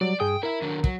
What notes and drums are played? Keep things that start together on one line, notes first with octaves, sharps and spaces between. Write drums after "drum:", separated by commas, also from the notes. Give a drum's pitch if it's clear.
F#3 G3 D5
G2 G#4 G5 D#6
E4 A#4 E5
D#3 F#3 D4
F#3, drum: kick